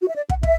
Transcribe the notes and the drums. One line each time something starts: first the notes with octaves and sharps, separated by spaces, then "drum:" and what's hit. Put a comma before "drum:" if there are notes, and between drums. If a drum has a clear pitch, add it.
F#4
E5
D5
F#5, drum: kick
E5, drum: kick